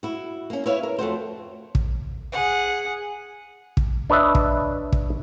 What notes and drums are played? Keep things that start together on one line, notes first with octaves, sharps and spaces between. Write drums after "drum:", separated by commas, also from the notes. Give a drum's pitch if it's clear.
E4 F#4
A#3 C#4
E4 B4 C#5 E5 F5
A#4
F2 A3 F#4 C5
drum: kick
G#4 F#5
drum: kick
D4 B4 C#5 D#5 E5
drum: kick
drum: kick